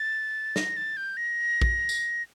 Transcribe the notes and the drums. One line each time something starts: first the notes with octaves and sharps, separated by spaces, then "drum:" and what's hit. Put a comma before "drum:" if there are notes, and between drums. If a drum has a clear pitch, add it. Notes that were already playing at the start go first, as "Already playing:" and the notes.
Already playing: A6
A#6, drum: snare
A6
G6
A#6
drum: kick A#1
drum: tambourine